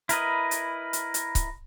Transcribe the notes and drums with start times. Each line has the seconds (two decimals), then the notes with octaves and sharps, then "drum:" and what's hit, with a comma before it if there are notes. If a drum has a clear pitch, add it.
0.09 E4 A#4 B4 D#5, drum: hi-hat
0.51 drum: hi-hat
0.93 drum: hi-hat
1.14 drum: hi-hat
1.35 drum: kick C#1, hi-hat